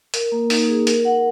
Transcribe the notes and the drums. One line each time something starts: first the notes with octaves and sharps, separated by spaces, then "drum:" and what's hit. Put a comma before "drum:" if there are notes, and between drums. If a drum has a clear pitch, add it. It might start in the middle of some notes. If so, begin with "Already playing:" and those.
A#4, drum: hi-hat
A#3
D#4, drum: open hi-hat
G#4
A#4, drum: hi-hat
F#5